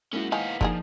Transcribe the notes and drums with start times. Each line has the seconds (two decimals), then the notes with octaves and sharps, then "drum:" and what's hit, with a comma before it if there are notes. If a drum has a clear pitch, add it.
0.13 G#3 A#3 C#4 E4 F#4
0.32 D#3 F3 B3 F5 G#5
0.61 D3 F3 A#3 D#4 G#4, drum: kick